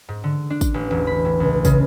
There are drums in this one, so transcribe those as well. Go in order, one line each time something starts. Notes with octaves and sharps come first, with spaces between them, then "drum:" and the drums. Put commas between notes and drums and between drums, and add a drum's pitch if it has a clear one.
G#2
D3
D4
drum: kick, tambourine
A1
E1
B5
A2
C#2
C#3, drum: kick, tambourine